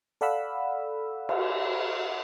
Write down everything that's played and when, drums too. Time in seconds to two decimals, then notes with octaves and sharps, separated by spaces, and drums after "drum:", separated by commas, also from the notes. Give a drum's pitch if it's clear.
0.21 A4 D5 F5 F#5 B5 E6
1.29 drum: cymbal